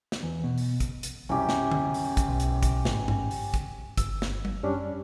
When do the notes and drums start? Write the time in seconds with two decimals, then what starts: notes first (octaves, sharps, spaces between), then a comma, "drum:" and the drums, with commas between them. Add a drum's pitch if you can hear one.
0.12 drum: snare
0.23 E2
0.44 B2
0.58 drum: open hi-hat
0.80 drum: kick, hi-hat
1.03 drum: hi-hat
1.29 C2 F#2 C#4 G4
1.49 drum: snare
1.72 drum: tom D3
1.94 drum: open hi-hat
2.17 drum: kick, hi-hat
2.29 B1
2.40 drum: hi-hat
2.63 drum: kick, hi-hat
2.85 A1 G#2 C#3, drum: snare
3.08 drum: tom G2
3.31 drum: open hi-hat
3.54 drum: kick, hi-hat
3.98 G1 E6, drum: kick, hi-hat
4.22 drum: snare
4.45 drum: tom G3
4.63 F#2 G3 C#4 D4